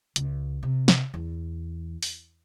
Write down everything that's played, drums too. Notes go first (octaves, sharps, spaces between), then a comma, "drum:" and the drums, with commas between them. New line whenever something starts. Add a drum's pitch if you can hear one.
C#2, drum: hi-hat
C3
drum: snare
E2
drum: open hi-hat